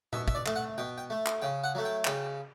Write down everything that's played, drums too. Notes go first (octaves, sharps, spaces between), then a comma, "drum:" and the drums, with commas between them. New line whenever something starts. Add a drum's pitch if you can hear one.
B2 E5, drum: tom A#2
E5, drum: kick
D5
A3, drum: clap
F#5
B2 G5
G5
A3
drum: clap
C#3 G5
F#5
F#3 A3
G5
C#3 G5, drum: clap